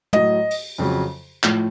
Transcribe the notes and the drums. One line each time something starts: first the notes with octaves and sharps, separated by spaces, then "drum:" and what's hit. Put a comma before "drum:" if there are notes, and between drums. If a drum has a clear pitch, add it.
A2 F#3 D#5, drum: tom
drum: open hi-hat
F2 C#3 F#3
A2 F3, drum: clap